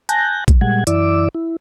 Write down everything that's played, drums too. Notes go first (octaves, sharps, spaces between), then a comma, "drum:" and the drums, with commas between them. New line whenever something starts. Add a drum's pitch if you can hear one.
G#5 A5 F#6 G6 A#6, drum: hi-hat
drum: kick, hi-hat
A#2 G3 G#3 F#5 G#6
F#2 E3 E4 D5 D6 E6, drum: hi-hat
E4